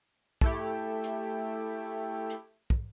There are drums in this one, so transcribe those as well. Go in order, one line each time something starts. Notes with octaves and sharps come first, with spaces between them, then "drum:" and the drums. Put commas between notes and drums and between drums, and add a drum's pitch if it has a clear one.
A3 E4 G4, drum: kick
drum: hi-hat
drum: hi-hat
drum: kick